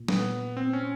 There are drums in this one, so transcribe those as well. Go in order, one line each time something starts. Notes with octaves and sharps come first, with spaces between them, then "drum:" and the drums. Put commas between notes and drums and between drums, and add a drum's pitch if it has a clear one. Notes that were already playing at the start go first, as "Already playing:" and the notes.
Already playing: A#2
B3, drum: snare
C4
C#4